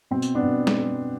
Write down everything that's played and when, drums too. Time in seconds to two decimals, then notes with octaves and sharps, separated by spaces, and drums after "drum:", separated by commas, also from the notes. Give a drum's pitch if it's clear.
0.11 B2 C4
0.22 drum: tambourine
0.35 B3 D4
0.43 B2
0.67 drum: snare